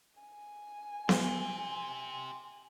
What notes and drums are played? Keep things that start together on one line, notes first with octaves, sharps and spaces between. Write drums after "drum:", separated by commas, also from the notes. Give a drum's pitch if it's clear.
G#5
G4 C5, drum: snare B3